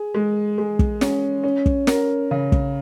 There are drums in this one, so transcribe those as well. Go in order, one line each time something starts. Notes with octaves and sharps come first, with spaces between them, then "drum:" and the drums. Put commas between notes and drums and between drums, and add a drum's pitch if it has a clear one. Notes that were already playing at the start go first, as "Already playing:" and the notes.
Already playing: G#4
G#3
G#3
drum: kick
C#4, drum: snare
C#4
drum: kick
A#4, drum: snare
C#3
drum: kick